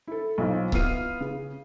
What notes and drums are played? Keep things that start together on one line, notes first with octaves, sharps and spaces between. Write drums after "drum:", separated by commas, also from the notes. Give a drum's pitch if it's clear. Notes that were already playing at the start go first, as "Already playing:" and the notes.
E4 A4
B1 F3
B3 E4 F4 F6 C7 D#7, drum: kick C#1
C#3